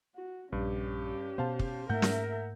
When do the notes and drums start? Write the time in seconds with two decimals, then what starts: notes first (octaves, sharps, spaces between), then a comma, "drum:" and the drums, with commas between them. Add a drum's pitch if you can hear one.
0.16 F#4
0.52 A#1 G2 C#4 G4
1.38 B2 B3 C5 F5 A5
1.59 drum: kick
1.89 G#2 A3 A#3 A#4 E5 F#5 G6
2.02 drum: snare